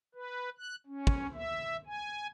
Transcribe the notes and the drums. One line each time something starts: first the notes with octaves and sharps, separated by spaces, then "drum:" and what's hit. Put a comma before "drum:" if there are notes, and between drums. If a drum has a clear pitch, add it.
B4
F#6
C#4
drum: kick
E5
G#5